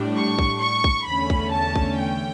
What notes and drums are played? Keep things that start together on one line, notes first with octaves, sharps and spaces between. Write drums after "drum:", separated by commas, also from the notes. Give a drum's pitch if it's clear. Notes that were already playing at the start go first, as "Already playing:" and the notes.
Already playing: A2 G3 D4
C#6
drum: kick
C#6
drum: kick
E2 D3 A3 C#4 B5
drum: kick
A5
drum: kick
G5